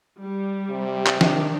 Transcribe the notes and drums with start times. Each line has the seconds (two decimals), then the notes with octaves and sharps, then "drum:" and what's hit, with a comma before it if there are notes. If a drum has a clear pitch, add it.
0.20 G3
0.70 C3
1.06 drum: clap
1.21 D#3 D4, drum: snare